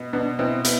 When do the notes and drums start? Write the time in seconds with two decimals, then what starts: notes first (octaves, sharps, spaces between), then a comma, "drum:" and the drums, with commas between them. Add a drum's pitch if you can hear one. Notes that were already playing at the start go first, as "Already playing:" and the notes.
Already playing: B2
0.13 B2 B3 D4
0.39 B2 C4 E4
0.65 B3 E4, drum: hi-hat